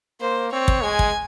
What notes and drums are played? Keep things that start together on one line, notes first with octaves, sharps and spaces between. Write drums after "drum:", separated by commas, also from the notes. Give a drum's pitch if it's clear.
A#3 C5
C4 C#5
drum: kick
G#3 G#5
drum: kick